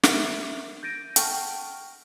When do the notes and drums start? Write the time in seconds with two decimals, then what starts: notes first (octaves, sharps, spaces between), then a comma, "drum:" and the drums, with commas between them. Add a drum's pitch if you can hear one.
0.03 A#4 E5, drum: snare
0.83 G6 A6 A#6 D7 D#7
1.16 F#5 G5 A5 C#6 F6, drum: hi-hat